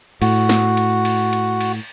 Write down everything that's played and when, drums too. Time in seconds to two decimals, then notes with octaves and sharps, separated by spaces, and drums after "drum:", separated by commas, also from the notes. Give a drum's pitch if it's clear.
0.22 A2 F#4, drum: cymbal
0.49 drum: snare
0.77 drum: cymbal
1.05 drum: cymbal
1.33 drum: cymbal
1.61 drum: cymbal